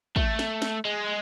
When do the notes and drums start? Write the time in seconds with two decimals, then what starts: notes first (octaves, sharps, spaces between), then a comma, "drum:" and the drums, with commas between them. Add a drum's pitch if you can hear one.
0.16 A3, drum: kick
0.39 drum: snare
0.62 drum: snare
0.85 G#3